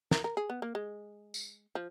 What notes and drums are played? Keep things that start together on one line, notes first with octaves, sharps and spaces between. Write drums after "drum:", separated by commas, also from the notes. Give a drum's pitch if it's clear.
A#4, drum: snare
A#4
G#4
B3
A#3
G#3
drum: tambourine
F3